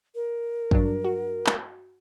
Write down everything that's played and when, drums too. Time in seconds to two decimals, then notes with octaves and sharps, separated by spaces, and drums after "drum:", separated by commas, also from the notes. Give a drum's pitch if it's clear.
0.15 A#4
0.71 G2 F#3 D4, drum: kick
1.04 F#4
1.47 drum: clap